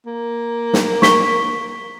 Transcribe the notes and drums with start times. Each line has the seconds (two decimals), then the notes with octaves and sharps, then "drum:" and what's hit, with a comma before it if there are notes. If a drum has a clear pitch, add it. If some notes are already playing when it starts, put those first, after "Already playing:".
0.06 A#3
0.74 drum: snare
1.02 C#6 B6 G7, drum: snare